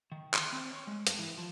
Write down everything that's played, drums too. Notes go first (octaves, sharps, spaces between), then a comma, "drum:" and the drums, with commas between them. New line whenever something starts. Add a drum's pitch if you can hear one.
D#3
C6, drum: clap
C4
C#5
G#3
G2, drum: hi-hat
E3
F3